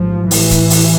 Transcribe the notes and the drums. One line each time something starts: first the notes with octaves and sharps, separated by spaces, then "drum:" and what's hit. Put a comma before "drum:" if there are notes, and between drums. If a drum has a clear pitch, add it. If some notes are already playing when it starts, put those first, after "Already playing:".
Already playing: A1 G#2 F3
A1 A2 E3, drum: open hi-hat
drum: kick C#1, hi-hat
drum: open hi-hat